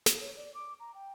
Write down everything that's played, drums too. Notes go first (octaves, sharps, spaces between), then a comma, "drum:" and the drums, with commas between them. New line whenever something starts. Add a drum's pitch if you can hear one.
drum: snare
C#5
D5
D6
A#5
G5